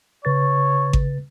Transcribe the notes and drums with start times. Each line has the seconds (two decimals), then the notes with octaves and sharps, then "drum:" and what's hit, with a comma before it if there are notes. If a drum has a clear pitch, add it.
0.25 C#3 B4 C#5 A6
0.93 drum: kick G#1